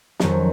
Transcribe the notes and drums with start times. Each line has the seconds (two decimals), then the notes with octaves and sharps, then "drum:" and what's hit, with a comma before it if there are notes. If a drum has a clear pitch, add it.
0.20 F2 D#3 F#3 C#4 C#5, drum: snare